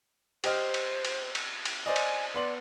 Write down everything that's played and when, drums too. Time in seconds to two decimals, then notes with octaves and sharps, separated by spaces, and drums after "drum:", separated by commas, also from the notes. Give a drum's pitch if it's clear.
0.44 G4 C5 D#5 F6, drum: cymbal
0.74 drum: cymbal
1.05 drum: cymbal
1.35 drum: cymbal
1.65 drum: cymbal
1.86 C5 D5 D#5 G#5
1.96 drum: cymbal
2.34 B3 D5 C6 F#7